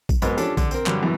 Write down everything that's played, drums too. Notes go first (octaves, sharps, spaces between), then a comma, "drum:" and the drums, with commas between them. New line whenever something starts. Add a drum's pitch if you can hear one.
drum: kick, tambourine
G#2 F#3 B3 A#4 D#5, drum: tambourine
F3 C#4 D4 G4 A4, drum: tambourine
D3, drum: kick, tambourine
C4 A#4, drum: tambourine
G2 D3 F#3 G3, drum: clap
F#2 B2 E3